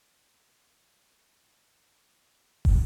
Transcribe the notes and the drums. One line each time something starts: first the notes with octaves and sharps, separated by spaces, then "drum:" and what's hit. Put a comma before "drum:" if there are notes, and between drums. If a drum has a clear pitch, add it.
F5 C6
drum: kick